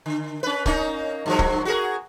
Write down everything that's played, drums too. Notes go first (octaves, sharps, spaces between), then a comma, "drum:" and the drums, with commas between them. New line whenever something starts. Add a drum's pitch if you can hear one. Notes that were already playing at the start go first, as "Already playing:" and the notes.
D3
C#4 B4
A#3 C#4 D#4, drum: kick C#1
G2 F3 F#3
drum: kick C#1
F#4 G#4 A#4